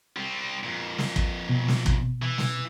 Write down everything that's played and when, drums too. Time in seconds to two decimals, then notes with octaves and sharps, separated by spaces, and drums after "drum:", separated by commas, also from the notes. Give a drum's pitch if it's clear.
0.17 G3 C4
0.64 F2 A#2
0.98 drum: snare
1.16 drum: kick
1.49 B2
1.68 drum: snare
1.86 drum: kick
2.22 E3
2.38 drum: snare